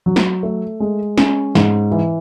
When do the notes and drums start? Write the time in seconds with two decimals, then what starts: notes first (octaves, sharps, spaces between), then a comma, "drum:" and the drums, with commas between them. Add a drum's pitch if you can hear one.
0.06 F#3
0.16 drum: snare
0.43 A3
0.80 G#3
1.18 C#4, drum: snare
1.55 G#2, drum: snare
1.92 E3